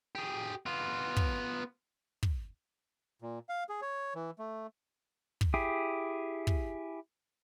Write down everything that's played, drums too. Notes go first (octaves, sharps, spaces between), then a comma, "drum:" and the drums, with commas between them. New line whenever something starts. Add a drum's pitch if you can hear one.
G4 G#4
B3 F4
drum: kick
drum: kick
A#2
F5
G#4
C#5
E3
A3
drum: kick
E4 G4 G#4
drum: kick